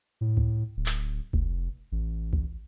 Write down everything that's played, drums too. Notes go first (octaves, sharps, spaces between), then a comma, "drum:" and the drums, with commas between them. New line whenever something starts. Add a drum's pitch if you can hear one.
A2
drum: kick C#2
D1
drum: clap
F1, drum: kick C#2
A1
drum: kick C#2